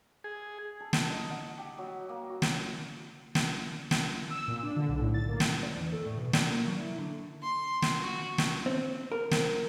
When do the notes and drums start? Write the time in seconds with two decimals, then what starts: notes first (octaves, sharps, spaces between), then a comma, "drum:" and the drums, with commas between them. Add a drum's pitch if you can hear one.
0.24 G#4
0.80 A4
0.93 drum: snare
1.10 D#4
1.30 F#5
1.58 G4
1.78 F#3
2.09 A#3
2.29 F#4
2.42 drum: snare
3.35 drum: snare
3.91 drum: snare
4.30 E6
4.48 A#2
4.63 D4
4.76 D3
4.89 B1
5.00 A2
5.14 A6
5.28 A#3
5.40 drum: snare
5.63 D5
5.77 E2
5.92 A4
6.05 A2
6.17 B2
6.33 D5, drum: snare
6.50 A#3
6.67 F#3
6.80 E4
6.98 D3
7.42 C6
7.82 drum: snare
8.00 F#4
8.38 drum: snare
8.66 C4
9.12 A#4
9.31 drum: snare